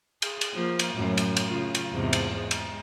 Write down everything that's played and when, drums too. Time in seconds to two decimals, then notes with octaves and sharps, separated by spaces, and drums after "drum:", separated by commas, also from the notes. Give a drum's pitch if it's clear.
0.22 G#4, drum: cymbal
0.41 drum: cymbal
0.54 F3 A#3
0.79 drum: cymbal
0.94 F#2 A2
1.17 drum: cymbal
1.37 drum: cymbal
1.48 C#3 F4
1.75 drum: cymbal
1.93 E2 G#2 C3
2.13 drum: cymbal
2.36 G#3
2.51 drum: cymbal